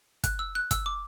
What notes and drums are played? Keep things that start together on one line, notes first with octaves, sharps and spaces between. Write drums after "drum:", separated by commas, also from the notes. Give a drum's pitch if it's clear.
F#6, drum: kick, hi-hat
E6
F#6
E6, drum: kick, hi-hat
D6